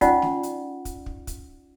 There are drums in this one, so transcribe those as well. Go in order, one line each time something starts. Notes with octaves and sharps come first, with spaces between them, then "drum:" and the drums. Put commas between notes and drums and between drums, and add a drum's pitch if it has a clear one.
C#4 D#4 F4 D5 F#5, drum: kick, hi-hat
drum: snare
drum: hi-hat
drum: kick, hi-hat
drum: kick
drum: kick, hi-hat